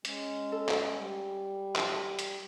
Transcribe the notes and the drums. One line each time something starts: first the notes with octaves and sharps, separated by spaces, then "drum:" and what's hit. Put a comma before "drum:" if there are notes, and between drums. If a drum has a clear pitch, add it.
G#3 C#4, drum: hi-hat
A4
drum: clap
G3
drum: clap
drum: hi-hat